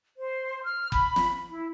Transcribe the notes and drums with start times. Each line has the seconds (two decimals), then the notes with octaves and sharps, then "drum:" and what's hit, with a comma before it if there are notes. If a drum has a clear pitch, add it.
0.18 C5
0.64 F6
0.92 B5, drum: kick F#1
1.16 drum: snare
1.50 E4